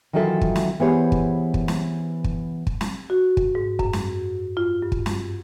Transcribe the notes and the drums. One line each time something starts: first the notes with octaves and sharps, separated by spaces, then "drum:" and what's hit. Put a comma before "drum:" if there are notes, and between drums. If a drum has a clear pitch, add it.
D#3 E3 F#3 F4 A4 E5
drum: kick
drum: snare
E3 B3 G4 G#4 C5 C#5
drum: kick
drum: kick
drum: snare
drum: kick
drum: kick
drum: snare
F#4
drum: kick
G#2
F#2, drum: kick
drum: snare
F4
G2
drum: kick
drum: snare